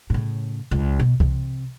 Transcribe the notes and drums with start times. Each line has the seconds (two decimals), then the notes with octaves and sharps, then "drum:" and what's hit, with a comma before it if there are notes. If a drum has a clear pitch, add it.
0.10 A2 C#3
0.71 C#2
1.00 B2
1.20 C3, drum: kick C2